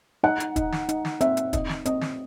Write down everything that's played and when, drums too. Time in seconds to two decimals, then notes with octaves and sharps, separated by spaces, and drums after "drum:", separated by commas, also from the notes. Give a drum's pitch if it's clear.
0.23 D#4 F#5
0.40 drum: hi-hat
0.56 D#4, drum: kick, hi-hat
0.72 drum: snare
0.89 D#4, drum: hi-hat
1.05 drum: snare
1.21 C4 E5, drum: hi-hat
1.37 drum: hi-hat
1.53 D#4 D#5, drum: kick, hi-hat
1.69 drum: snare
1.85 C4 D#5, drum: hi-hat
2.01 drum: snare